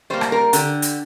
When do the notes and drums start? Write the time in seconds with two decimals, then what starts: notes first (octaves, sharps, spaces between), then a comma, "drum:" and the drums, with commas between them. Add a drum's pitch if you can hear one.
0.10 G3 A#3 C5
0.21 drum: rim click
0.32 A#4
0.53 D3 G4, drum: hi-hat
0.82 drum: hi-hat